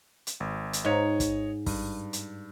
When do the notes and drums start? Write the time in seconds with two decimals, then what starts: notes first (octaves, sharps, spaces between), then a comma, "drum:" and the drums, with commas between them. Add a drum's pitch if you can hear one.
0.27 drum: hi-hat
0.40 G#1
0.73 drum: hi-hat
0.85 G#2 C#5 D#5
1.20 drum: kick, hi-hat
1.66 G2, drum: kick, open hi-hat
2.13 drum: hi-hat